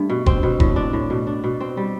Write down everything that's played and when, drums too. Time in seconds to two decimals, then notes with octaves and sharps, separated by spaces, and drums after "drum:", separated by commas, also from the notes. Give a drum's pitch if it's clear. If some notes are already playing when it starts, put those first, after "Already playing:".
Already playing: G2 A3
0.10 B2
0.26 C4, drum: kick F1
0.43 B2
0.60 A2, drum: kick F1
0.76 D4
0.93 A2
1.10 B2
1.27 D4
1.44 B2
1.61 C4
1.77 G3